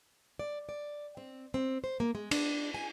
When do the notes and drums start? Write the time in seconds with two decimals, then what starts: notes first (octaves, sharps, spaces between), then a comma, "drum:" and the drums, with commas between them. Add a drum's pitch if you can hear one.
0.39 D5
0.69 D5
1.17 C4
1.54 C4
1.84 C5
2.00 A#3
2.15 G#3
2.31 D4, drum: cymbal
2.74 G#5